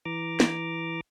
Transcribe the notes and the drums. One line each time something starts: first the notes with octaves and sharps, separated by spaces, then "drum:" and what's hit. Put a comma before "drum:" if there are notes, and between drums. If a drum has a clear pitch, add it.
E3 A#5 D6
drum: snare